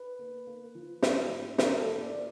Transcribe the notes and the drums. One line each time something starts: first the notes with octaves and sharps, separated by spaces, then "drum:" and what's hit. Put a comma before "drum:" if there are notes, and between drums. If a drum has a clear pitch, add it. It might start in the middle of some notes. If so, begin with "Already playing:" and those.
Already playing: B4
A#3
A#3
F3
G#2, drum: snare
F3
G#2 A#4, drum: snare
A4
A#3
D5
F3